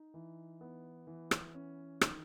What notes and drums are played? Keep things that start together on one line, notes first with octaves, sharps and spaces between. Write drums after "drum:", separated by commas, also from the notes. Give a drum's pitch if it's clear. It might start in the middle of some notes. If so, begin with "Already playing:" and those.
Already playing: D#4
E3
B3
E3
drum: rim click
C#4
D#3, drum: rim click